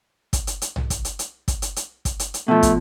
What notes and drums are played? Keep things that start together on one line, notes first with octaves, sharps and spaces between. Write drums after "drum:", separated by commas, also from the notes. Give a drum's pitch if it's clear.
drum: kick, hi-hat
drum: hi-hat
drum: hi-hat
drum: tom
drum: kick, hi-hat
drum: hi-hat
drum: hi-hat
drum: kick, hi-hat
drum: hi-hat
drum: hi-hat
drum: kick, hi-hat
drum: hi-hat
drum: hi-hat
B2 F3 A3
drum: kick, hi-hat